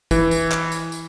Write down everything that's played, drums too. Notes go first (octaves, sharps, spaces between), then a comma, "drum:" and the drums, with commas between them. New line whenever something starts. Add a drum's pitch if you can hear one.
E3, drum: kick, tambourine
drum: tambourine
drum: clap
drum: tambourine
drum: tambourine